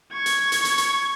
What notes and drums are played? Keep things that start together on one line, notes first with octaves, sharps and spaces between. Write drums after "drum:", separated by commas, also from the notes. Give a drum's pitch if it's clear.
C#6 G#6
drum: hi-hat
drum: hi-hat
drum: hi-hat
drum: hi-hat